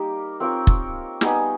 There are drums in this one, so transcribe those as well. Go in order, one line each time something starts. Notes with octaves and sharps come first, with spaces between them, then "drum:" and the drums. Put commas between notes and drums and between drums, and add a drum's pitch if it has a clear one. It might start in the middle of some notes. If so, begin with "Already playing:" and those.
Already playing: G3 A#3 D#4 G4
C4 F4 A#4 C#5
drum: kick
G3 B3 D#4 G#4, drum: snare